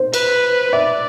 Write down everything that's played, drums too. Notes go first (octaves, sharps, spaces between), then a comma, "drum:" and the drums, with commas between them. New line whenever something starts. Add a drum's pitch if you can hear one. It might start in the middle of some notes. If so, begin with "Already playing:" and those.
Already playing: C5
B4, drum: cymbal
D5 E5